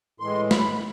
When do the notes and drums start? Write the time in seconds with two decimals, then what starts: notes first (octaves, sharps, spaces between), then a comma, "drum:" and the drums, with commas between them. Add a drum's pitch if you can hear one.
0.20 A2 E3 G#3 C6
0.51 B5, drum: snare